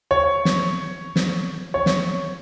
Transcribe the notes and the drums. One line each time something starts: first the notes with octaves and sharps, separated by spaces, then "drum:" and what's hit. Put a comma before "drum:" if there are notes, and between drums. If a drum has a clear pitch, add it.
C#5
drum: snare
drum: snare
C#5
drum: snare